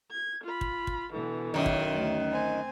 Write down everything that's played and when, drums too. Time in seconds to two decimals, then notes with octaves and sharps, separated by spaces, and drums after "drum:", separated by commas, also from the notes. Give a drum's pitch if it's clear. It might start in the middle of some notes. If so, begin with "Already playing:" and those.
0.11 G#6
0.43 F4 B5
0.61 drum: kick
0.87 drum: kick
1.12 B2 D3 E3
1.54 F#2 D#3
1.66 drum: kick
1.92 D2
2.31 C4 G#5